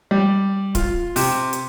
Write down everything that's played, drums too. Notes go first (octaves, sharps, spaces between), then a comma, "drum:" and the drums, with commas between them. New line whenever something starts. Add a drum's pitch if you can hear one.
G3
F4, drum: kick C#1, hi-hat
C3, drum: open hi-hat
drum: hi-hat